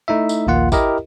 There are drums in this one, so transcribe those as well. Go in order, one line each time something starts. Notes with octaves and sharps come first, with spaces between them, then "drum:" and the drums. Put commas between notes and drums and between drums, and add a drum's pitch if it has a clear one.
A3 D#4 E4 E5
drum: tambourine
A#1 D#2 A#3 F4 F#5
E4 G4 A#4 D#5, drum: kick, tambourine